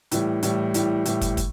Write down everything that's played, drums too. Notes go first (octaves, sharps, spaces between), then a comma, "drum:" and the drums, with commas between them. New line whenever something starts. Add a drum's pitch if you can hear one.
A2 E3 G3, drum: hi-hat
A2 E3 G3, drum: hi-hat
A2 E3 G3, drum: hi-hat
A2 E3 G3, drum: hi-hat
drum: kick, hi-hat
drum: kick, hi-hat